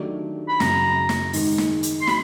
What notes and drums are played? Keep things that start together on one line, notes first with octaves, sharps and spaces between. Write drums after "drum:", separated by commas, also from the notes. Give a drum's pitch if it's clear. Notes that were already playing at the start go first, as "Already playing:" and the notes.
Already playing: D#3 F#3 A3 D4 G4
B5
F#2 C#3 F#3 A#5, drum: snare
drum: snare
G#2 D#3 G#3, drum: open hi-hat
drum: snare
drum: hi-hat
C6
F#3 B5, drum: snare